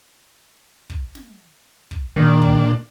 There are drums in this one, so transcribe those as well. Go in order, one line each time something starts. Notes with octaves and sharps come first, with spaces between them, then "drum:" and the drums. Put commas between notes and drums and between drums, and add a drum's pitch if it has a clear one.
drum: kick
drum: snare
drum: kick
A#2 D#3 D4
drum: kick